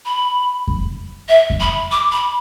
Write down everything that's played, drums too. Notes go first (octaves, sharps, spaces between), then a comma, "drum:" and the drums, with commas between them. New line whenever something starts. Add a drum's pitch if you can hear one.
B5
drum: kick F2
E5
drum: kick F2
B5
D6
B5